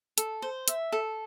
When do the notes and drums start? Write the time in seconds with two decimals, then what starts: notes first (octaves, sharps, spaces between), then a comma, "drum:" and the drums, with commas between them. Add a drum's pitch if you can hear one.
0.18 A4, drum: hi-hat
0.42 C5
0.68 E5, drum: hi-hat
0.92 A4